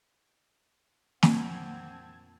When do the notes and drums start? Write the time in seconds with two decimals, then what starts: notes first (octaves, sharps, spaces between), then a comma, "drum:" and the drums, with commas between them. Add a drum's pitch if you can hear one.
1.23 F2 A#2 C4 D4 F#5 A5 G#6, drum: snare